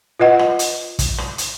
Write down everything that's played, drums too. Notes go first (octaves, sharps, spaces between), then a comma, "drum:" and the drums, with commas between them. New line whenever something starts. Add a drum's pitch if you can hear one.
F4 B4 D#5 F#5
drum: rim click
drum: hi-hat
drum: kick, hi-hat
drum: rim click
drum: hi-hat